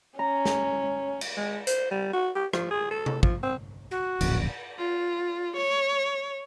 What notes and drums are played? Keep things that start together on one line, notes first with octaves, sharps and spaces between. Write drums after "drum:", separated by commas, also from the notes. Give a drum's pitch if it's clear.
C#4 A#5
drum: snare
drum: cymbal
G#3
C5, drum: hi-hat
G3
F#4
G4
F3, drum: rim click
G#4
A4
drum: tom C3
F3, drum: kick
C4
F#4
D1 A#1 F#2, drum: cymbal
F4
C#5